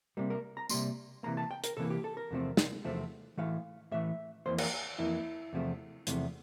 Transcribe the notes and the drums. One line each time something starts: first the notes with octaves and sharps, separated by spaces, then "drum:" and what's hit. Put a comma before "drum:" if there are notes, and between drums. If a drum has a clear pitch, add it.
C3 G3 A#3
A#4
A#5
C3 G3 A#3 C6, drum: tambourine
C3 E3 A#3 A#5
A5
G5
A#4, drum: hi-hat
C3 E3 A#3 A4
G4
A4
A#4
E2 C3 F3 A3 C4
drum: snare
E2 C3 F3 A3 C4
A2 E3 A3 F5
A2 E3 A3 E5
F2 E3 A#3 C5
A#4, drum: cymbal
F2 E3 A#3 E4
E2 C3 F3 A3
E2 C3 F3 A3, drum: hi-hat